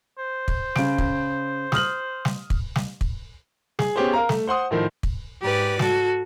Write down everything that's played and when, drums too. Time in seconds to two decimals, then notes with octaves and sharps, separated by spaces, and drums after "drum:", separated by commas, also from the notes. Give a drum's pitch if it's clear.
0.18 C5
0.48 drum: kick
0.76 C#3 D7, drum: snare
0.98 drum: kick
1.72 D#6 F6 F#7, drum: snare
2.25 drum: snare
2.50 drum: kick
2.76 drum: snare
3.01 drum: kick
3.79 G#4, drum: snare
3.96 B3 C#4 G4 G#4 C5
4.13 A#4 F5 A#5
4.29 A3, drum: snare
4.47 C5 F#5 C6 D#6
4.71 A2 D#3 F3
5.03 drum: kick
5.42 G#2 G4 B4 D5
5.79 F#4 A4, drum: snare